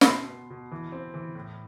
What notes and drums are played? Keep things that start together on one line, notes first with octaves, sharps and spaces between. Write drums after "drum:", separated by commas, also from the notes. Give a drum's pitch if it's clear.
B5, drum: snare
B2 C6
B3
B2
E3
C4
E3
A2